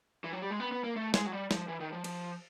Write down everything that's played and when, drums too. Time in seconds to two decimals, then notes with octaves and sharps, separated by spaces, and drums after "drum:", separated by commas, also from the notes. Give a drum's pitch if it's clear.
0.24 E3
0.33 F#3
0.42 G3
0.51 G#3
0.60 B3
0.72 B3
0.84 A#3
0.96 A3
1.14 G#3, drum: snare
1.26 F#3
1.32 G3
1.51 F3, drum: snare
1.68 E3
1.80 D#3
1.92 F3
2.04 F3, drum: cymbal